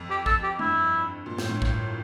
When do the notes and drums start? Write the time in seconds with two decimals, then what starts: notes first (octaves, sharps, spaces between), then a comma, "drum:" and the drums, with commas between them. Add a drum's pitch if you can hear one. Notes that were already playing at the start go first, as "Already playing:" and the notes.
Already playing: F2
0.10 G4
0.26 A4, drum: kick A1
0.43 G4
0.59 G2 E4
1.26 A#2
1.38 A2, drum: snare
1.49 G2
1.62 A2, drum: kick A1